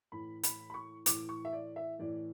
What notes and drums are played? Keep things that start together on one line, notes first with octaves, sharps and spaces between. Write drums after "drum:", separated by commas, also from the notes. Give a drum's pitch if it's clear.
A2 E3 B5
B5, drum: hi-hat
B5
C#6
A2 E3 D6, drum: hi-hat
C#6
E5
D5
E5
A2 E3 D5